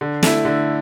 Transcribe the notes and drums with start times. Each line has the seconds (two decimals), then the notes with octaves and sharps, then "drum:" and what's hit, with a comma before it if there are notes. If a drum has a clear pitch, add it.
0.01 D3
0.23 A3 E4, drum: snare
0.45 D3